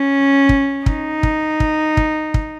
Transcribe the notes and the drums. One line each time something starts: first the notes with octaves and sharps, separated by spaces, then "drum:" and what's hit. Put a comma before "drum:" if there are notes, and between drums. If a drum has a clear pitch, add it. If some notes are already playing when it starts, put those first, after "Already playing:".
Already playing: C#4
drum: kick
D#4, drum: kick
drum: kick
drum: kick
drum: kick
drum: kick